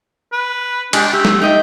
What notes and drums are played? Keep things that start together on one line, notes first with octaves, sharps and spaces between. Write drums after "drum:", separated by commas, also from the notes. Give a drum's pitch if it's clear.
B4
G#3 D4 G4, drum: cymbal
G4 E5
drum: snare
D#4 D#5 E5 G5